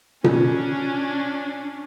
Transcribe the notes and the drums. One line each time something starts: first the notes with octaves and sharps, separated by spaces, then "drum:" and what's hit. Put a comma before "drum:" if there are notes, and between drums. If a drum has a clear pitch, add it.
C#4 D4 F4, drum: tom B2